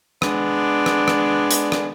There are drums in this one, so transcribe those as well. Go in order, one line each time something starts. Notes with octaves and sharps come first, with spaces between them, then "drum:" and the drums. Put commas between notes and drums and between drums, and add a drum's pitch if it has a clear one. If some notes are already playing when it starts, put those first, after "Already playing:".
G#3 B3 D4, drum: rim click
drum: rim click
drum: rim click
drum: hi-hat
drum: rim click